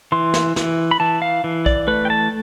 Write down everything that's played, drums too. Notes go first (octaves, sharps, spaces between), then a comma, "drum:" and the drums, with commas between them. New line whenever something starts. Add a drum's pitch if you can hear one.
E3 C6
drum: snare
E3, drum: snare
B5
E3 A5
F5
E3
D5, drum: kick
A3 B4
G5
A5